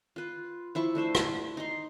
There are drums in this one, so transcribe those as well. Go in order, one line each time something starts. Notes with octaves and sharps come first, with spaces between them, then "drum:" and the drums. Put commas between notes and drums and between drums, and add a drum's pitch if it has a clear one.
F4 B4
F3 E4 E5 C#6
A3 D4 C5 E5
drum: rim click
D#4 A#5 C6